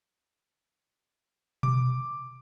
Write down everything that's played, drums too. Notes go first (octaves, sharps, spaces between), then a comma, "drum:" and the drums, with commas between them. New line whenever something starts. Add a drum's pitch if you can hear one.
D6, drum: tom B2